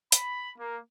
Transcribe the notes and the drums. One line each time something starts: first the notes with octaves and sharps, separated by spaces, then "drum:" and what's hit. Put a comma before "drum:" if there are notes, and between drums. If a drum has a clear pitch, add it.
B5, drum: hi-hat
A#3